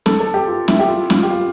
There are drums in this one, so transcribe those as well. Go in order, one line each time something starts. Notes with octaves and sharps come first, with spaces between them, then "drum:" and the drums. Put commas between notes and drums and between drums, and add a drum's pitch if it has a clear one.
A4, drum: snare
A4
G4
F4
E4, drum: snare
G4
F4
F4, drum: snare
G4
F4